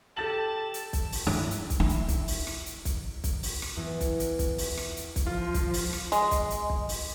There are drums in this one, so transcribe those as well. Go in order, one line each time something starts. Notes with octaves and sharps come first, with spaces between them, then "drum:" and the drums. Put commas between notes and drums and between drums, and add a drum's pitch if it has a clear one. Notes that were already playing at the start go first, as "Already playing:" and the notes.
G4 A4 A5 A6 F#7
drum: hi-hat
drum: kick, hi-hat
drum: open hi-hat
E4
drum: hi-hat
drum: kick, hi-hat
E4
drum: hi-hat
drum: kick, hi-hat
drum: open hi-hat
drum: rim click
drum: hi-hat
drum: kick, hi-hat
drum: kick, hi-hat
drum: open hi-hat
drum: rim click
E2
drum: kick, hi-hat
drum: hi-hat
drum: kick, hi-hat
drum: open hi-hat
drum: rim click
drum: hi-hat
drum: kick, hi-hat
F3 F4
drum: kick, hi-hat
drum: open hi-hat
drum: rim click
G#3, drum: hi-hat
drum: kick, hi-hat
drum: hi-hat
drum: kick
drum: open hi-hat